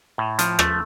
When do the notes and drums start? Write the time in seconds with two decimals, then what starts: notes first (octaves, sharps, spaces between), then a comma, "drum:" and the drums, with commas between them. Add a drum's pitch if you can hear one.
0.18 A2
0.39 F3, drum: hi-hat
0.59 A3, drum: rim click